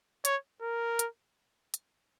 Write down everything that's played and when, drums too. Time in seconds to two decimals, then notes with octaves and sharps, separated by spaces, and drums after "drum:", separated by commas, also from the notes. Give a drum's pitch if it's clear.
0.25 C#5, drum: hi-hat
0.62 A#4
0.99 drum: hi-hat
1.74 drum: hi-hat